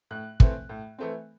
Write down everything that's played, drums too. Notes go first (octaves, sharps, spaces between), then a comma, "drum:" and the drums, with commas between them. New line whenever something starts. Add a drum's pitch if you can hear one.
A2 F#6
E3 A3 C4, drum: kick
A2
E3 A3 C4